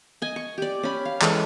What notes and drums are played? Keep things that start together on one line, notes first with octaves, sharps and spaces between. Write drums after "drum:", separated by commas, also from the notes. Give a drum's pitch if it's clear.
D#5 G#5
C#6
G4 D5
C#4 G4 B5
F5
E3 G#3 A4 C#5, drum: clap